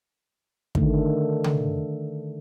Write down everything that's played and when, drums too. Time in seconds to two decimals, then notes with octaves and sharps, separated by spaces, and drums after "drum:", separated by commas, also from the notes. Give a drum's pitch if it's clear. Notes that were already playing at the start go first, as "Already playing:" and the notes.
0.75 D3 D#3 A3, drum: kick
1.44 drum: tom C#3